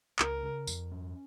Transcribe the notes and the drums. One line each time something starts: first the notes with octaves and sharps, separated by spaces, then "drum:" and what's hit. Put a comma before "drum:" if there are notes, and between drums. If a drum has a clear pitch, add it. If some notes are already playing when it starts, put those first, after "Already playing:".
C#2 A#4, drum: clap
C#3
F2, drum: tambourine
C#4